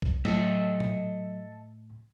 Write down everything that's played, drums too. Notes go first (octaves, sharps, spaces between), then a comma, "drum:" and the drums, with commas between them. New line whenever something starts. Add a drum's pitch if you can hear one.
drum: kick B1
A2 F#3 A4 D#5 E5, drum: snare
drum: tom A#2